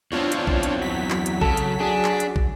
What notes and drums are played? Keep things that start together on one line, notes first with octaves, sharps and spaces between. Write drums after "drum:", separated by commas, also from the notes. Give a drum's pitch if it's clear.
E2 C4 D4 F4 C#5
drum: hi-hat
drum: kick
drum: hi-hat
F#3 B6
drum: clap
drum: hi-hat
C#3 A4, drum: kick
drum: hi-hat
D4 G#4
drum: clap
drum: hi-hat
drum: kick